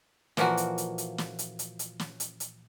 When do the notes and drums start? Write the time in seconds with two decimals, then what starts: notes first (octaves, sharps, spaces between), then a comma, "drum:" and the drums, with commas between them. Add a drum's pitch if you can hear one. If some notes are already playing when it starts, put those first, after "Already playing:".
0.37 A#2 E3 F3 A#3 F#4, drum: snare
0.57 drum: hi-hat
0.78 drum: hi-hat
0.98 drum: hi-hat
1.18 drum: snare
1.39 drum: hi-hat
1.59 drum: hi-hat
1.79 drum: hi-hat
2.00 drum: snare
2.20 drum: hi-hat
2.40 drum: hi-hat